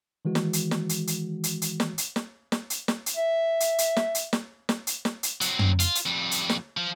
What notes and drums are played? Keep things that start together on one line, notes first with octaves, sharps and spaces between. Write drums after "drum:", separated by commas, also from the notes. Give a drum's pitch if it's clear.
D#3 E3 G#3 F#4
drum: snare
drum: hi-hat
drum: snare
drum: hi-hat
drum: hi-hat
drum: hi-hat
drum: hi-hat
drum: snare
drum: hi-hat
drum: snare
drum: snare
drum: hi-hat
drum: snare
drum: hi-hat
E5
drum: hi-hat
drum: hi-hat
drum: snare
drum: hi-hat
drum: snare
drum: snare
drum: hi-hat
drum: snare
drum: hi-hat
F#3 C4, drum: hi-hat
drum: tom
F4, drum: hi-hat
drum: hi-hat
F2 G3
drum: hi-hat
drum: snare
F3